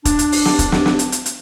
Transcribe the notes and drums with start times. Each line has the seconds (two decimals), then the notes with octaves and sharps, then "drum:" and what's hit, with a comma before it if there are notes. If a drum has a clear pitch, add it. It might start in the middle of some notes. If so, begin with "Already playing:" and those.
0.05 D4, drum: kick, hi-hat
0.19 drum: hi-hat
0.32 drum: open hi-hat
0.45 drum: snare
0.59 drum: kick, hi-hat
0.72 drum: snare
0.86 drum: snare
0.99 drum: hi-hat
1.12 drum: hi-hat
1.26 drum: hi-hat